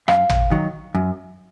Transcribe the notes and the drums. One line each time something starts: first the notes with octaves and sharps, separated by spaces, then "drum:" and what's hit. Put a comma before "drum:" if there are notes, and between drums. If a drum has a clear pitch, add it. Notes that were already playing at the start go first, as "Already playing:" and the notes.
F#2 F5, drum: rim click
drum: tom
D#3 F#3
F#2